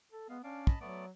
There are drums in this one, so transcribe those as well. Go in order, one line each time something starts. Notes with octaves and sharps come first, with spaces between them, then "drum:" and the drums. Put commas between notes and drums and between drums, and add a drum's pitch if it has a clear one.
A4
G#3 B3 F5
C#4 D4 D5 F5
D#5 A5 B5, drum: kick
F#3 A3 B3 D5